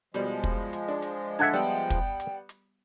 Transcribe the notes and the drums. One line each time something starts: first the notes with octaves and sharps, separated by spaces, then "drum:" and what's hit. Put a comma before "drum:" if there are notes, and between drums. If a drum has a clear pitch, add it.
B2 F3 G3 G#3, drum: hi-hat
drum: kick
drum: hi-hat
D4
drum: hi-hat
D3 E5 F#5 A5 G#6
G3 B3 G5
drum: kick, hi-hat
drum: hi-hat
drum: hi-hat